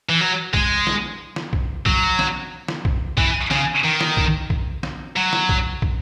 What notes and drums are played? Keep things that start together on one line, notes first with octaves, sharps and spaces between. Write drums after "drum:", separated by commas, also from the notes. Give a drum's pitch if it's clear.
E3
F#3
G#3, drum: kick
drum: snare
drum: snare
drum: kick
F#3, drum: kick
drum: snare
drum: snare
drum: kick
E3, drum: kick
C#3, drum: snare
D#3
drum: snare
drum: kick
drum: kick
drum: snare
F#3
drum: snare
drum: kick
drum: kick